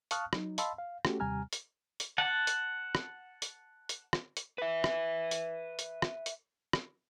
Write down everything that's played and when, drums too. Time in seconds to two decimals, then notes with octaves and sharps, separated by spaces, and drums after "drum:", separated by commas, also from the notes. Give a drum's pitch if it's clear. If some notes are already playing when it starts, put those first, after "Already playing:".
0.11 F5 A5 C#6 D#6 F6 F#6, drum: hi-hat
0.33 F#3 D#4, drum: rim click
0.58 D#5 F5 A5 B5 C6 E6, drum: hi-hat
0.78 F5
1.05 A3 C#4 F#4 G4 A4, drum: rim click
1.20 D#2 C3 G3 G#5 A#5 F6
1.53 drum: hi-hat
2.00 drum: hi-hat
2.18 F#5 A5
2.47 drum: hi-hat
2.95 drum: rim click
3.42 drum: hi-hat
3.89 drum: hi-hat
4.13 drum: rim click
4.37 drum: hi-hat
4.58 B4 E5
4.84 drum: rim click
5.31 drum: hi-hat
5.79 drum: hi-hat
6.02 drum: rim click
6.26 drum: hi-hat
6.73 drum: rim click